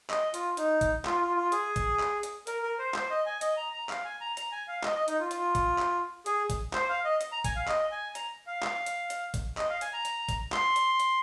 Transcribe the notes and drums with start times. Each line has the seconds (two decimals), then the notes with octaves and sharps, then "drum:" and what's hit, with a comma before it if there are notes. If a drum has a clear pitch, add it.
0.10 D#5, drum: clap
0.34 F4, drum: hi-hat
0.57 D#4, drum: hi-hat
0.81 drum: kick A1, hi-hat
1.05 F4, drum: clap
1.21 F4
1.37 F4
1.52 G#4, drum: hi-hat
1.76 drum: kick A1, hi-hat
2.00 drum: clap
2.23 drum: hi-hat
2.47 A#4, drum: hi-hat
2.62 A#4
2.79 C5
2.94 C5, drum: clap
3.10 D#5
3.26 G#5
3.41 D#5, drum: hi-hat
3.57 A#5
3.73 A#5
3.89 F5, drum: clap
4.05 G#5
4.21 A#5
4.37 A#5, drum: hi-hat
4.52 G#5
4.68 F5
4.84 D#5, drum: clap
4.96 D#5
5.08 D#4, drum: hi-hat
5.20 F4
5.31 F4, drum: hi-hat
5.55 drum: kick A1, hi-hat
5.79 drum: clap
6.26 G#4, drum: hi-hat
6.50 drum: kick A1, hi-hat
6.73 C5, drum: clap
6.89 F5
7.05 D#5
7.21 drum: hi-hat
7.32 A#5
7.44 G#5, drum: kick A1, hi-hat
7.56 F5
7.68 D#5, drum: clap
7.92 G#5
8.15 A#5, drum: hi-hat
8.47 F5
8.63 drum: clap
8.86 drum: hi-hat
9.10 drum: hi-hat
9.34 drum: kick A1, hi-hat
9.57 D#5, drum: clap
9.70 F5
9.81 G#5, drum: hi-hat
9.93 A#5
10.05 drum: hi-hat
10.29 drum: kick A1, hi-hat
10.52 C6, drum: clap
10.76 drum: hi-hat
11.00 drum: hi-hat